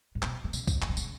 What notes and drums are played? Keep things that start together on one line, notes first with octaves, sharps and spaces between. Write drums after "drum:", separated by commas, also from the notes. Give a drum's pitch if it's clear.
G#2
B2, drum: clap
B2
C#3, drum: tambourine
drum: kick B1, tambourine
C#3, drum: clap
B2
C#3, drum: tambourine